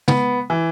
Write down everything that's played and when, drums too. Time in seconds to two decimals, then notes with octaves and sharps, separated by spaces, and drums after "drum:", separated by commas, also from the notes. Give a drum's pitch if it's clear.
0.08 B3, drum: tom
0.50 E3